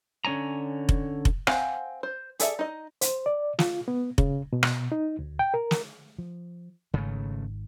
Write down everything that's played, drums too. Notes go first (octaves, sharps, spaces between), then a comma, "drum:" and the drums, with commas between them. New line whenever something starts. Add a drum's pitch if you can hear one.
D3 C#4 C#5 G#5 A#5
drum: kick F1
drum: kick F1
C4 C5 F5 F#5 G#5, drum: rim click
C5
G#4 A4 D5 E5, drum: hi-hat
D#4 D#5
C5, drum: hi-hat
D5
F4, drum: snare
B3
C#3, drum: kick F1
B2
drum: rim click
D#4
D2
G5
A#4
drum: snare
F3
G#1 G#2 C#3 A3